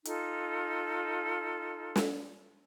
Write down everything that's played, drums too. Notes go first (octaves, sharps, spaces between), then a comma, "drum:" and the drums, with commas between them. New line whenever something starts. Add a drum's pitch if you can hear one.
D#4 F4 A4, drum: hi-hat
drum: snare